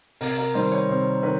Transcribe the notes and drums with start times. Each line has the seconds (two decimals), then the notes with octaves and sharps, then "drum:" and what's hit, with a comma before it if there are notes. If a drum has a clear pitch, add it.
0.21 C3 A#4, drum: open hi-hat
0.37 A#4
0.54 D#3 G3 C5
0.72 C#5
0.89 C3 C5
1.23 D#3 B4